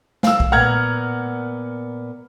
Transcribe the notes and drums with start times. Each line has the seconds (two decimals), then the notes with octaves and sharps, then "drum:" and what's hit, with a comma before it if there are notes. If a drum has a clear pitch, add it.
0.23 F5 E6, drum: snare
0.40 drum: kick B1
0.52 A#2 B3 F#5 A#5 F6 G#6